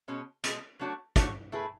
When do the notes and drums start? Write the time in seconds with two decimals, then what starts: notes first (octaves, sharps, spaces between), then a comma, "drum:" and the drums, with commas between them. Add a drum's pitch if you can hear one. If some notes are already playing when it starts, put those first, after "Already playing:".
0.08 B2 G#3 C#4
0.44 B2 G#3 C#4, drum: hi-hat
0.79 F#3 A3 D4 F#4 C#5
1.16 F#3 A3 D4 F#4 C#5, drum: kick, hi-hat
1.52 A3 E4 G#4 B4